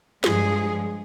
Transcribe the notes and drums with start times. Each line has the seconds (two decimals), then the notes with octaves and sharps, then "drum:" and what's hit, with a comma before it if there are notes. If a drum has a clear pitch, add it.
0.24 G2 F3 G#3 G#4, drum: snare